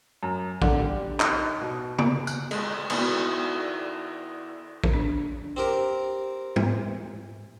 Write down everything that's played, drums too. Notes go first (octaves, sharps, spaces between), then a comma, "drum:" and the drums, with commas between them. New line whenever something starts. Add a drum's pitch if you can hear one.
F#2
D3, drum: kick
G3
D#4, drum: clap
B2
D7, drum: tom C#3
F#6, drum: tambourine
G#3, drum: cymbal
D#3 B3 D4 E4 F#4, drum: cymbal
drum: kick
D4
C4 G4 A#4
drum: tom